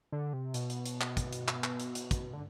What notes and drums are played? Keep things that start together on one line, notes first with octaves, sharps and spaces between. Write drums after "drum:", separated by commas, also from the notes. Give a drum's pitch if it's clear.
D3
C3
B2, drum: hi-hat
drum: hi-hat
drum: hi-hat
drum: clap
drum: kick, hi-hat
drum: hi-hat
drum: clap
drum: clap
drum: hi-hat
drum: hi-hat
drum: kick, hi-hat
D3